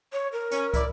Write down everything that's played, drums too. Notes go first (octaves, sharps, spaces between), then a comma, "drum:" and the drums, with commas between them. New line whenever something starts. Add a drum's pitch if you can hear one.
C#5
A#4
C#4, drum: hi-hat
E4 D5, drum: kick, hi-hat